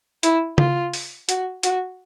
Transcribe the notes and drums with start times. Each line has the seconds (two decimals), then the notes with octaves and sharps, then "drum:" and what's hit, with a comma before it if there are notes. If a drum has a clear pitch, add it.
0.23 E4, drum: hi-hat
0.58 F4, drum: tom C#3
0.93 drum: open hi-hat
1.29 F#4, drum: hi-hat
1.63 F#4, drum: hi-hat